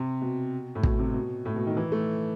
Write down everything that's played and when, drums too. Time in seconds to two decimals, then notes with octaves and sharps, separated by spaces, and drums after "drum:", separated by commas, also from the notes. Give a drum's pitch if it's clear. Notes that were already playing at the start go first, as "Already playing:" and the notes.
Already playing: C3
0.21 B2
0.75 A2
0.83 B2, drum: kick
0.99 C3
1.14 B2
1.46 A2
1.56 B2
1.67 D#3
1.77 E3
1.92 A3